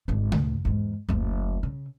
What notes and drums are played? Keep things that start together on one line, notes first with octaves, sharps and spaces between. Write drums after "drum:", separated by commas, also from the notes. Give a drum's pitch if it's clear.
G#1 D3
D2, drum: tom
E2 G#2
F#1 D2
C#3